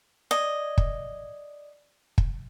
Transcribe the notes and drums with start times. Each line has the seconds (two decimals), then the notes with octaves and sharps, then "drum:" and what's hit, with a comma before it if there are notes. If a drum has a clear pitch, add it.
0.31 D5 D#5
0.78 drum: kick
2.18 drum: kick